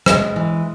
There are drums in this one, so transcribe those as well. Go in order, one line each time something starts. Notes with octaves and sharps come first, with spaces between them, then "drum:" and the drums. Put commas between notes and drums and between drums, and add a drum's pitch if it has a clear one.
G#3, drum: rim click
E3